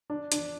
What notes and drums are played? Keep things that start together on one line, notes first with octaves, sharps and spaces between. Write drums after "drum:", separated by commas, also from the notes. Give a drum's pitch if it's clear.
D4
D4, drum: hi-hat